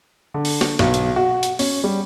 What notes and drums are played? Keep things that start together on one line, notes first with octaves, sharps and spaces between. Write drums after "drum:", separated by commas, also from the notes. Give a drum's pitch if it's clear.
D3
drum: open hi-hat
drum: snare
B1, drum: snare
drum: hi-hat
F#4
drum: hi-hat
C#4, drum: open hi-hat
G3